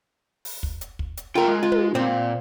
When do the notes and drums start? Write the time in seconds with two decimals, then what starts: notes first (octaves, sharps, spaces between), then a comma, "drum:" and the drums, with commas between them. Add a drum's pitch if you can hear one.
0.45 drum: open hi-hat
0.63 drum: kick
0.81 drum: hi-hat
0.99 drum: kick
1.17 drum: hi-hat
1.35 A3 A#3 F4 A#4 G5
1.48 G#3
1.63 F4
1.72 drum: tom
1.95 A#2 C4